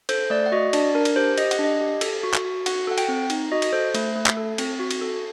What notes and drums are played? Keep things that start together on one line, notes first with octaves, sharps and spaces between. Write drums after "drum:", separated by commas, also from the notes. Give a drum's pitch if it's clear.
A4 C5, drum: cymbal
A3 D5
F#5
F#4 D#5
D4 D5, drum: cymbal
D4 A#4
drum: cymbal
G4 C5
G4 D#5, drum: cymbal
F#5, drum: cymbal
D4
D#5
G4
A4, drum: cymbal
F#4
drum: clap
F#4
F#4 F#5, drum: cymbal
A4 F#5
G5, drum: cymbal
C4
D#4, drum: cymbal
F#4 D#5
drum: cymbal
A4 C5
A3, drum: cymbal
A3
drum: clap
A4
C4, drum: cymbal
F#4
drum: cymbal
A4